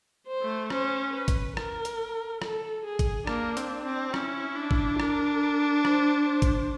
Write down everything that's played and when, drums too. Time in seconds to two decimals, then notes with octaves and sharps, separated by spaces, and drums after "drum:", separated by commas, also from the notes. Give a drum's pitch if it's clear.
0.27 C5
0.42 A3
0.70 C#4 C5, drum: rim click
1.14 B4
1.28 drum: kick G#1, hi-hat
1.57 A#4, drum: rim click
1.85 drum: hi-hat
2.42 A4, drum: rim click
2.85 G#4
2.99 drum: kick G#1, hi-hat
3.27 A#3 D4, drum: rim click
3.57 C4, drum: hi-hat
3.85 C4
4.14 C#4 E4, drum: rim click
4.56 D4
4.71 drum: kick G#1
5.00 A#4, drum: rim click
5.85 C5, drum: rim click
6.27 C5
6.42 drum: kick G#1, hi-hat